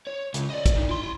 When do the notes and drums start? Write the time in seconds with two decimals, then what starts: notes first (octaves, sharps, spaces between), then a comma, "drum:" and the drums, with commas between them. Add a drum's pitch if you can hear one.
0.07 C#5
0.34 C#2, drum: hi-hat
0.50 D5 D#5
0.66 drum: kick, hi-hat
0.76 D3 D#4
0.90 E4 C6